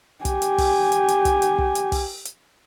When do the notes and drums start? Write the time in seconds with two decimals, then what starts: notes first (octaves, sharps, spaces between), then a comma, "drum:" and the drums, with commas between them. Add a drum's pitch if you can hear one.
0.25 G4 G#5, drum: kick, hi-hat
0.42 drum: hi-hat
0.58 drum: kick, open hi-hat
0.92 drum: hi-hat
1.08 drum: hi-hat
1.25 drum: kick, hi-hat
1.42 drum: hi-hat
1.59 drum: kick
1.75 drum: hi-hat
1.92 drum: kick, open hi-hat
2.25 drum: hi-hat